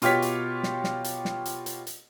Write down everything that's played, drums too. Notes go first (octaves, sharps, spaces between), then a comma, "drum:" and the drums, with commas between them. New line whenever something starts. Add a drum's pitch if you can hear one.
B2 F4 G4 C#5 B6, drum: hi-hat
drum: hi-hat
drum: snare
drum: snare
drum: hi-hat
drum: snare
drum: hi-hat
drum: hi-hat
drum: hi-hat